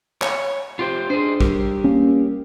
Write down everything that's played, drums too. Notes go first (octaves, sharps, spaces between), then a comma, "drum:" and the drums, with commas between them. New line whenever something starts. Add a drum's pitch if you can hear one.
C#5, drum: clap
F4 G4 C5
D4 G#4 C5
G3 G4 A#4, drum: kick
A#3 C#4